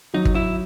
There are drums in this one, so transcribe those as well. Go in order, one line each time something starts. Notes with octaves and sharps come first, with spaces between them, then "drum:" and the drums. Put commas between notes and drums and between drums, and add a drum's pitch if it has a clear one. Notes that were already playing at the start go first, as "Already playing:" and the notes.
F#3 D#4
drum: kick
E4